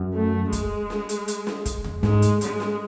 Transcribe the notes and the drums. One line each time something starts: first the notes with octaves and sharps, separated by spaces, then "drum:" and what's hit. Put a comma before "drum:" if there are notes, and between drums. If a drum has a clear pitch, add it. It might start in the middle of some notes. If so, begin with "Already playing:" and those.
Already playing: F#2
A3
G#3, drum: kick, hi-hat
drum: snare
drum: hi-hat
drum: hi-hat
drum: snare
drum: kick, hi-hat
drum: tom E2
G#2 G#3, drum: snare
drum: hi-hat
G#3, drum: hi-hat
drum: snare